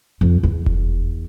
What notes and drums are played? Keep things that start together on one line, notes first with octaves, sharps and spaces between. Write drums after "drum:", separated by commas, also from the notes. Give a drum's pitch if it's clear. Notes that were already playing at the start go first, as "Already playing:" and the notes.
F2
E2
drum: kick F1